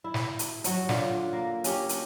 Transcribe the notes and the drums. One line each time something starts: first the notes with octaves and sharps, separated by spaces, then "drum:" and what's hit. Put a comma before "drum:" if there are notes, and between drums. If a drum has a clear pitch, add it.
E4
drum: snare
drum: hi-hat
F#3 C#5, drum: hi-hat
D3 F4, drum: snare
A#3
C#4 G4, drum: hi-hat
drum: hi-hat